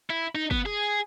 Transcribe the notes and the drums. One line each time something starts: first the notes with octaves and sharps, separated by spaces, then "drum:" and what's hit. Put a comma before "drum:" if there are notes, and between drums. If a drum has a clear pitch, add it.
E4
D#4
B3, drum: kick
G#4